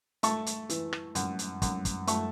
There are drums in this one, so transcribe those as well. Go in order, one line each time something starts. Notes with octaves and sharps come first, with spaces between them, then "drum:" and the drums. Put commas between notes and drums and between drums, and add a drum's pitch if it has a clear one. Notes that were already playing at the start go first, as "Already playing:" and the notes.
A3 A5 C#6, drum: hi-hat
drum: hi-hat
E3, drum: hi-hat
drum: rim click
F#2, drum: hi-hat
drum: hi-hat
F#2, drum: kick, hi-hat
drum: kick, hi-hat
A3 A5 C#6, drum: hi-hat